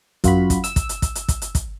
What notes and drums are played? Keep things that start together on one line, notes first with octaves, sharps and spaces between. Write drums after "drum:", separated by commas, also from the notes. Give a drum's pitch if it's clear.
F#2 F4 F#4 B5, drum: kick, hi-hat
drum: kick, hi-hat
E6, drum: hi-hat
drum: kick, hi-hat
drum: hi-hat
drum: kick, hi-hat
drum: hi-hat
drum: kick, hi-hat
drum: hi-hat
drum: kick, hi-hat